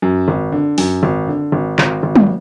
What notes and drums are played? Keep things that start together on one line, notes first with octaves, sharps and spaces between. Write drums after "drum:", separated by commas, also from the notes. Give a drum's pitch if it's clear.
F#2
G#1
D3
F#2, drum: open hi-hat
G#1
D3
G#1
G#1, drum: clap
G#1
drum: tom